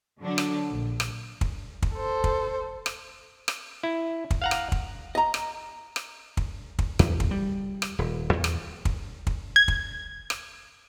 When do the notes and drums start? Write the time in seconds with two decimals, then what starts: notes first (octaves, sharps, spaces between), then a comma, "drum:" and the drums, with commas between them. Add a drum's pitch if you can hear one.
0.21 D3 F#3 D4
0.38 drum: rim click
0.70 A#1
1.00 drum: rim click
1.41 drum: kick
1.82 drum: kick
1.94 A4 C5
2.24 drum: kick
2.86 drum: rim click
3.48 drum: rim click
3.83 E4
4.31 drum: kick
4.42 F5 F#5 A#5
4.51 drum: rim click
4.72 drum: kick
5.15 D#5 A#5
5.34 drum: rim click
5.96 drum: rim click
6.37 drum: kick
6.79 drum: kick
6.99 E2, drum: rim click
7.20 drum: kick
7.31 G3
7.82 drum: rim click
7.99 D#1
8.33 E2
8.44 drum: rim click
8.85 drum: kick
9.27 drum: kick
9.56 G#6
9.68 drum: kick
10.30 drum: rim click